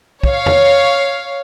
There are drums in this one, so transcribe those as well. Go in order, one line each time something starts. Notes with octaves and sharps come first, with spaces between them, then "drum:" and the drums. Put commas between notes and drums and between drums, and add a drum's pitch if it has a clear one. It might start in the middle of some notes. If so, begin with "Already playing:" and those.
C#5 F5, drum: kick
drum: tom E2